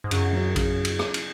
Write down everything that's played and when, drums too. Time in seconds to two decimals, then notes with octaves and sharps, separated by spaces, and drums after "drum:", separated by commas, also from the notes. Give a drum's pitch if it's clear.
0.04 G#2
0.11 F#2 C#3, drum: cymbal
0.33 F#3 C#4 F#4
0.56 C#3, drum: kick A#1, cymbal
0.85 drum: cymbal
0.99 drum: rim click
1.14 drum: cymbal